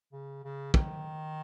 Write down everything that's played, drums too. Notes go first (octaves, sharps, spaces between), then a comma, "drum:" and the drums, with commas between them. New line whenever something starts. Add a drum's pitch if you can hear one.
C#3
C#3
D#3, drum: kick